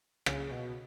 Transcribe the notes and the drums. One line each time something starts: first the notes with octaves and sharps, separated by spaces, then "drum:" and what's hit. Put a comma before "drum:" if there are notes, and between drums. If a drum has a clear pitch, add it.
C#3, drum: rim click
B2